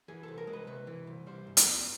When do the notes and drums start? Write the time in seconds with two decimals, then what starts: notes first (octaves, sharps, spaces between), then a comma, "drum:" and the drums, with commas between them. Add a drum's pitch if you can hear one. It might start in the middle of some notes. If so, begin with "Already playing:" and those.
0.08 E3 G#4
0.23 C2 A4
0.38 A#4
0.47 G#3
0.53 B4
0.67 C3 B4
0.87 E3
1.07 C2
1.27 G3 C5
1.47 G#2
1.57 drum: hi-hat
1.67 B3